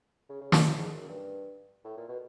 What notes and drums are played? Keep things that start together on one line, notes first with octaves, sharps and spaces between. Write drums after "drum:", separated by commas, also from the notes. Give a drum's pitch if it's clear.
C#3
C#3
C3, drum: snare
C3
G#2
F#2
G2
A2
A#2
B2